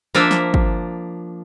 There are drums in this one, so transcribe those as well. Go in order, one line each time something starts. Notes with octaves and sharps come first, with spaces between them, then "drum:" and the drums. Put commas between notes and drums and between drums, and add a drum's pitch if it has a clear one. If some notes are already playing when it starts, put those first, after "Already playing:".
F3 A#3 D4 E5
drum: snare
drum: kick